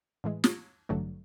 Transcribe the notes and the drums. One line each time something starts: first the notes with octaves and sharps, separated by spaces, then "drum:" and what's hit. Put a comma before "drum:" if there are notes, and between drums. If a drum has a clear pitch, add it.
A2 E3 G#3
drum: snare
A1 G2 D3 F#3 A3